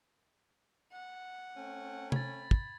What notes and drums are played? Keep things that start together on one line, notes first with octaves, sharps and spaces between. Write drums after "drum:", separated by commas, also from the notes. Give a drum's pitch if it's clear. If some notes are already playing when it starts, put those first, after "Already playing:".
F#5
A3 C4 C#4
B5 G#6 A6, drum: tom C3
drum: kick